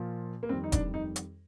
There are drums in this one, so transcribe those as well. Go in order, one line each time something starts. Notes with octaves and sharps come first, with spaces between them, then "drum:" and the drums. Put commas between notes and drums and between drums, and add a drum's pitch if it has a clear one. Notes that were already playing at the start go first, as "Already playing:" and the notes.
Already playing: A#2 F3
A#3
F2 D#3 G3 C4
D#4
D4, drum: kick E1, hi-hat
D#4
drum: hi-hat